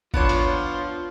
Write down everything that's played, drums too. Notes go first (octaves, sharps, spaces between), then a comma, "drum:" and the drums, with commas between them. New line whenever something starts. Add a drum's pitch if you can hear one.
F3 B3 D4 F4 C#5, drum: kick G#1
drum: hi-hat